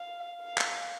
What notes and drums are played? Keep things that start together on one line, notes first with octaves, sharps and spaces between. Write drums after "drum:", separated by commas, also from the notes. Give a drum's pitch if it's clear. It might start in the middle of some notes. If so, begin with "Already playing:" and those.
Already playing: F5
F5
drum: clap